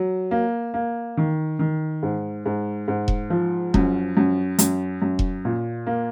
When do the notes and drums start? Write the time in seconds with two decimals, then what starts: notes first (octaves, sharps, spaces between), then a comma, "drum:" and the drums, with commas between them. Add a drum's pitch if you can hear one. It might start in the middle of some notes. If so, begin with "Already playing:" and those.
Already playing: F#3
0.31 A#3
0.74 A#3
1.17 D#3
1.59 D#3
2.03 G#2
2.46 G#2
2.88 G#2
3.08 drum: kick E1
3.30 F3
3.74 F#2, drum: kick E1
4.17 F#2
4.59 F#2, drum: hi-hat
5.02 F#2
5.19 drum: kick E1
5.45 A#2
5.87 A#3